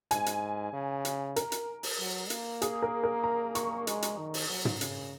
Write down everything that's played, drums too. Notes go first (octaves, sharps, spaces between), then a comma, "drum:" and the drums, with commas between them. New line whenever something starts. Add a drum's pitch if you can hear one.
G#2 G#5, drum: hi-hat
drum: hi-hat
C#3
drum: hi-hat
A#4, drum: hi-hat
drum: hi-hat
drum: open hi-hat
F#3
A#3, drum: hi-hat
G#4, drum: hi-hat
A#4
A#4
A#5
C#6, drum: hi-hat
G#3, drum: hi-hat
drum: hi-hat
D#3
drum: open hi-hat
F#3
drum: tom
C#3, drum: hi-hat